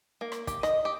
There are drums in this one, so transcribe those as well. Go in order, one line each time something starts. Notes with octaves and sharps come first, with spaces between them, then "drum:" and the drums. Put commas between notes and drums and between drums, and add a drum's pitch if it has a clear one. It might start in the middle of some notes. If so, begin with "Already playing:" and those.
A#3
drum: rim click
G4, drum: kick, hi-hat
D#5, drum: rim click
G4